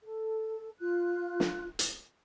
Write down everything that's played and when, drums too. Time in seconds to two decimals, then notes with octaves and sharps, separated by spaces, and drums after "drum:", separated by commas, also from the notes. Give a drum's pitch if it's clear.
0.04 A4
0.79 F4 F#6
1.40 drum: snare
1.79 drum: hi-hat